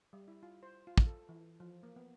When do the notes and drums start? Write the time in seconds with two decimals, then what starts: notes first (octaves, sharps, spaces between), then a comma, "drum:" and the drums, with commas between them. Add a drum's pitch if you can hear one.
0.13 G3
0.28 E4
0.43 F4
0.63 C5
0.87 F4
0.98 drum: kick
1.07 A4
1.29 E3
1.60 F3
1.83 A#3
1.96 B3